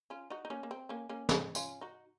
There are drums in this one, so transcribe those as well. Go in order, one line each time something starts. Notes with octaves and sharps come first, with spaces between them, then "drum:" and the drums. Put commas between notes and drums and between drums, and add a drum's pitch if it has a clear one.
C#4 F4
D#4 F#4
D#4
A#3 C#4
A#3
C4
A#3 C#4
A#3 C#4
C4 D#4, drum: snare
C#4 F4, drum: tambourine
D#4 F#4